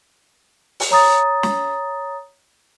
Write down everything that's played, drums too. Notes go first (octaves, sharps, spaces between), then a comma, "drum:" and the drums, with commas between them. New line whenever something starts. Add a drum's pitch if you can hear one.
drum: open hi-hat
C#5 A#5 D#6 A6
drum: snare